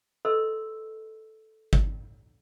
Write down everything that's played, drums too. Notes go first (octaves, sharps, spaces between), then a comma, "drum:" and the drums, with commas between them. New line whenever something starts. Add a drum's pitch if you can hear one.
A4 B4 D#5 C6 E6
drum: kick G1